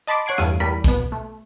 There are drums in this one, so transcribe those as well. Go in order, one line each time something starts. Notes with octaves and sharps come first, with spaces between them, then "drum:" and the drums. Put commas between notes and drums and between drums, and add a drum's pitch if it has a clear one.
D#5 A5 B5 C6 D6
C#5 F#5 G#6 C7 D7
E2 G2 G3 A3 F5 D#7, drum: rim click
E2 G3 A#4 B5 B6
B2 B3, drum: kick, hi-hat
A3